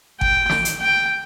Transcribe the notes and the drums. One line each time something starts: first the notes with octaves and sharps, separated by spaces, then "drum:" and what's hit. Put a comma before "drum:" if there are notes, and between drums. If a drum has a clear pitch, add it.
G5, drum: kick
drum: snare
drum: hi-hat
G5